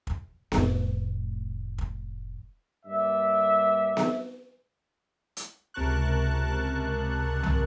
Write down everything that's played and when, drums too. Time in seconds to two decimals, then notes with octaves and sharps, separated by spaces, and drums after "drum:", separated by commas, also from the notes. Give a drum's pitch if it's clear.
0.07 drum: kick
0.52 F1 A2, drum: snare B3
1.78 drum: kick
2.85 G2 A#3 D5 E5
3.97 drum: snare B3
5.37 drum: hi-hat
5.74 C#2 C3 A#4 A5 C#6 F#6
7.43 drum: tom